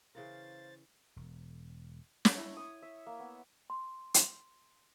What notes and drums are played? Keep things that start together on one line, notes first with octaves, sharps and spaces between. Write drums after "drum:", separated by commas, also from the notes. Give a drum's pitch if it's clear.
C#3 E3 A#4 C5 F5 A6
E1
C#5, drum: snare
E4
D#6
E5
A#3
B3
C6
drum: hi-hat